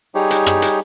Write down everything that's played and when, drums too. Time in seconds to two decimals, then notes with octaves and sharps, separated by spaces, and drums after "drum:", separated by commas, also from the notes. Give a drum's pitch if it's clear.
0.15 G3 D#4 G4 G#4 C#5
0.31 drum: hi-hat
0.46 drum: rim click
0.62 drum: hi-hat